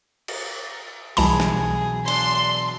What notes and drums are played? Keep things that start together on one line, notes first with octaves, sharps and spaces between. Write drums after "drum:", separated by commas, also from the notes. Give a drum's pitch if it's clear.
drum: cymbal
C2 B2 E3 F#3 G#4 A5 B5, drum: open hi-hat
drum: snare
D4 C6, drum: cymbal